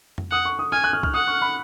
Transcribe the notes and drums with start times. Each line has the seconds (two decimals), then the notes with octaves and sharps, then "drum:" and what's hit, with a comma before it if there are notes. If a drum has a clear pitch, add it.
0.18 drum: tom F2
0.31 F#5 D#6
0.45 C#6
0.59 D#6
0.72 G#5 F6
0.84 F#6
0.93 F6
1.03 F6, drum: kick C2
1.14 F#5 D#6
1.28 C#6
1.42 B5